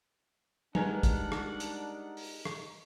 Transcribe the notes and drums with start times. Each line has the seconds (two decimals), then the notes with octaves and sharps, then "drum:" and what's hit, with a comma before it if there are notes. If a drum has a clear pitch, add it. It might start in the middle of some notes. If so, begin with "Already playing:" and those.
0.75 G3 G#3 D4 D#4 A#4 B4 F#5 G#5, drum: tom
1.03 drum: kick, hi-hat
1.32 drum: rim click
1.60 drum: hi-hat
2.17 drum: open hi-hat
2.45 drum: rim click